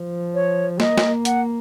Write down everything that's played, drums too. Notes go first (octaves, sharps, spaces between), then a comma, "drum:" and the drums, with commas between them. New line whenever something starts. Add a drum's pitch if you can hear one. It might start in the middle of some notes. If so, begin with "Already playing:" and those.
Already playing: F3
C#5
A#3 D#5, drum: snare
drum: snare
F#5, drum: hi-hat